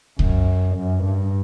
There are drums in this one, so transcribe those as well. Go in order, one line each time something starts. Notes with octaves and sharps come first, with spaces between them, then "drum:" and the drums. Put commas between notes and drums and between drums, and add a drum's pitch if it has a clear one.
F#2, drum: kick C2
F#2
G2